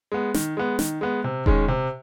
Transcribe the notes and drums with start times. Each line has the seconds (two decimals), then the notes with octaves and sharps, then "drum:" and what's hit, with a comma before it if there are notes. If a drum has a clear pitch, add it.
0.12 G#3 B3
0.34 D#3, drum: snare
0.57 G#3 B3
0.79 D#3, drum: snare
1.01 G#3 B3
1.24 C3
1.46 D#3 G#3 C#4, drum: kick E1
1.68 C3